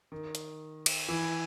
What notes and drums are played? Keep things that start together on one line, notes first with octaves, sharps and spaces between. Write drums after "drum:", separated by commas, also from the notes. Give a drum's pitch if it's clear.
D#3
drum: hi-hat
drum: cymbal
E3